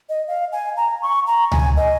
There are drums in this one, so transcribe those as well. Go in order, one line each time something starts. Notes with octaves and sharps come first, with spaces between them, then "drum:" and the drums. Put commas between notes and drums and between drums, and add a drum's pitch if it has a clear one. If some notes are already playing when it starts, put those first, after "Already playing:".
D#5
F5
G#5
A#5
C#6
A#5
G#5, drum: tom C#2
D#5